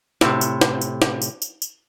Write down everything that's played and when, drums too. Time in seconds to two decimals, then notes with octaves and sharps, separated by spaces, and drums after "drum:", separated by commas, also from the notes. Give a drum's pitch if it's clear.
0.21 A2 C3, drum: snare
0.41 drum: tambourine
0.61 drum: snare
0.82 drum: tambourine
1.02 drum: snare
1.22 drum: tambourine
1.42 drum: tambourine
1.62 drum: tambourine